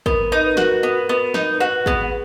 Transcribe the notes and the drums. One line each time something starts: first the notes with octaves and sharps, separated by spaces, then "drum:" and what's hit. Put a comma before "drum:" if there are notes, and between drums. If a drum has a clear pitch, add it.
B3 A#4, drum: kick
D#4 B4
B4
F#4 A#4, drum: snare
B3
B3
D#4, drum: snare
F#4 B4
B3 G#4, drum: kick